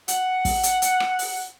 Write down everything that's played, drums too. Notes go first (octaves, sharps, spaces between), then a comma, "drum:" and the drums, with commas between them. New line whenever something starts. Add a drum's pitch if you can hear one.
F#5, drum: hi-hat
drum: kick, open hi-hat
drum: hi-hat
drum: hi-hat
drum: rim click
drum: open hi-hat